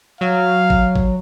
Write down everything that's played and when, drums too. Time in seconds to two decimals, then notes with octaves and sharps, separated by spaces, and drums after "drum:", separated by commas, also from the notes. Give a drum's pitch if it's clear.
0.21 F#3 F5
0.70 drum: kick G#1
0.96 drum: kick G#1